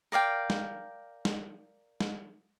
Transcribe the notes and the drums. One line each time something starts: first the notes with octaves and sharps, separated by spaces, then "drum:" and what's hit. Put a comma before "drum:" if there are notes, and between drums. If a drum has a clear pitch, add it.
A#4 D5 F5 G5
drum: snare
drum: snare
drum: snare